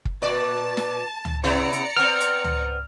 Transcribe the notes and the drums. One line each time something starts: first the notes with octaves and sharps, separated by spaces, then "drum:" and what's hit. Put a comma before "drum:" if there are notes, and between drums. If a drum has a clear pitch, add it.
drum: kick
A#2 D5 A5
drum: snare
drum: tom C#2
C3 B3 E4 D5 A#5 C#7
drum: hi-hat
B3 C4 F6
drum: hi-hat
drum: tom C#2